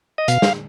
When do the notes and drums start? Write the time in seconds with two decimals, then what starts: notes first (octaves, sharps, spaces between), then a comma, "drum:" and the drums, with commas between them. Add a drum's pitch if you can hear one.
0.18 D#5
0.28 B2 F5, drum: hi-hat
0.42 drum: snare